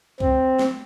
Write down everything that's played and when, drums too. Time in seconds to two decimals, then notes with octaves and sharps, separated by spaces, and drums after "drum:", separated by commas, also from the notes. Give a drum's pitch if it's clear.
0.20 C4, drum: kick
0.59 drum: snare